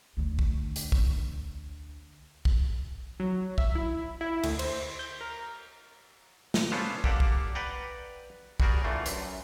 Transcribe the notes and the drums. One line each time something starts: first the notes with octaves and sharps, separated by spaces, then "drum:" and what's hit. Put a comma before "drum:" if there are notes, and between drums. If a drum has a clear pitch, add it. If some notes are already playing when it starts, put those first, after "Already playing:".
D2 D3
drum: kick
drum: hi-hat
drum: kick
drum: kick
F#3
E5, drum: kick
E4
E4
D2, drum: cymbal
C5, drum: cymbal
G6
A#4
drum: snare
B3 C#4 D4 F4 A4 C5
A#3 G4 A4 D5 F5 F#5, drum: kick
drum: kick
B4 D5 F#5 G5 A#5
G3 F#4 G#4 A#4 D5, drum: kick
D3 E3 A3 F4
F#2, drum: hi-hat